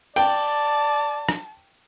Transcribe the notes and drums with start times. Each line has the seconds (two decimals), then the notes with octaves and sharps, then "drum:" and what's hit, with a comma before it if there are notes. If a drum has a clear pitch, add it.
0.16 D5 G5 A5, drum: cymbal
1.29 drum: rim click